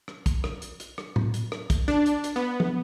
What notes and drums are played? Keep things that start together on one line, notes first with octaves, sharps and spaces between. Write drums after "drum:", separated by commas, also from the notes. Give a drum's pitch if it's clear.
drum: rim click
drum: kick, hi-hat
drum: rim click
drum: hi-hat
drum: hi-hat
drum: rim click
drum: tom A2
drum: hi-hat
drum: rim click
drum: kick, hi-hat
D4, drum: rim click
drum: hi-hat
drum: hi-hat
B3
drum: tom F3